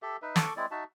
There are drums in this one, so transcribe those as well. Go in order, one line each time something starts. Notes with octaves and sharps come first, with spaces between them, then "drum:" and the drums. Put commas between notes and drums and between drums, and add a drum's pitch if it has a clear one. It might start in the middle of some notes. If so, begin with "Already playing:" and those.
G4 A4 E5
D#4 B4 E5
A4 C#6 D6, drum: snare
G#3 C4 E4 D5
D#4 F#4 E5 A5